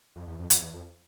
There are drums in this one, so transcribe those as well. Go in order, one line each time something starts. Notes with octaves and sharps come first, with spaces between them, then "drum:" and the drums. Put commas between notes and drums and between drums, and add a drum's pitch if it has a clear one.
F2
E2
F2
F2, drum: hi-hat
E2
F2